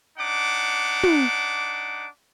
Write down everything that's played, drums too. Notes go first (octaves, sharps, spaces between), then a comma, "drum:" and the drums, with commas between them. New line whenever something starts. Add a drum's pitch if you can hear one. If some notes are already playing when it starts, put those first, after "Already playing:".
D4 D#4 F#5 D6
drum: tom